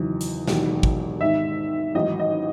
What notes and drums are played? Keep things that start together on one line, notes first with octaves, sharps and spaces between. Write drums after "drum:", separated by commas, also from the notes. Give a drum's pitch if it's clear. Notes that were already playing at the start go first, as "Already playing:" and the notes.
Already playing: F#1 E2 D#3 F#3
drum: hi-hat
E1 D#2 D#3 F#3, drum: snare
drum: kick
G#1 G#2 D#3 E5
A1 G#2 D#3 F#3 D#5
D#5